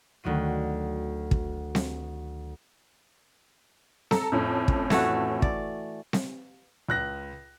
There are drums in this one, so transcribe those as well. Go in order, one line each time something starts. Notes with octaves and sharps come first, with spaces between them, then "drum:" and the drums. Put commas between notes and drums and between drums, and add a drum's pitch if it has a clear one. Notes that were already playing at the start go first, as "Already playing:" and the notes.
D2 D#3 F#3 D#7
drum: kick
drum: snare C4
A4 A#5, drum: snare C4
F2 A2 C#4
drum: kick
E3 A3 F#4, drum: snare C4
D5, drum: kick
drum: snare C4
C#2 F#6 A#6